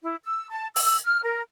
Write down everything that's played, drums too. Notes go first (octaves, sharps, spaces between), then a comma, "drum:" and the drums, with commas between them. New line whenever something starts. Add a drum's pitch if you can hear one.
E4
E6
A5
E6, drum: open hi-hat
F6
A#4